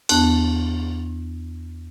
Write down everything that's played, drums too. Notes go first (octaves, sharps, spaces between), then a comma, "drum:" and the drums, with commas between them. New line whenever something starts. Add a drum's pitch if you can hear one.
E2 B3 D4 A5 F#6, drum: cymbal